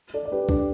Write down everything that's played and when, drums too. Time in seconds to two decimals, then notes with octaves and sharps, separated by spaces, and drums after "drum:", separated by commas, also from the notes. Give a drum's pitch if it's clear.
0.14 A4 D5
0.25 D5
0.32 G4 B4
0.49 D4 G4, drum: kick C2